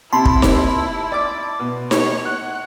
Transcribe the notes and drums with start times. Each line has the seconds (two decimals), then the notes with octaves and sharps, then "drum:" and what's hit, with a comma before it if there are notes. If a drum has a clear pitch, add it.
0.13 C3 E4 A5 B5 C6
0.25 drum: kick
0.42 drum: snare D#4
1.12 D5 D6
1.59 B2
1.91 C#5, drum: snare D#4
2.25 F#5 F#6